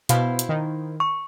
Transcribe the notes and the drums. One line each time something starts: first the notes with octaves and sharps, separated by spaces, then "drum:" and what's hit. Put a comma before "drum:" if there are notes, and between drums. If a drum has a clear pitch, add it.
B2 E4 C5 F5, drum: hi-hat
drum: hi-hat
D#3
C#6